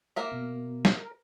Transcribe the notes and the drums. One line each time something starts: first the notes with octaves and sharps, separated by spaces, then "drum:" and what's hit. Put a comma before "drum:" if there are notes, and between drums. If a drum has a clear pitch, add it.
A#3 A#4 E5
B2
drum: snare
A#4